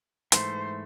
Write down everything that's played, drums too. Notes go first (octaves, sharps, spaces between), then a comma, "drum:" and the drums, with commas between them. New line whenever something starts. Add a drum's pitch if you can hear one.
G#2 E3 A3 C5, drum: hi-hat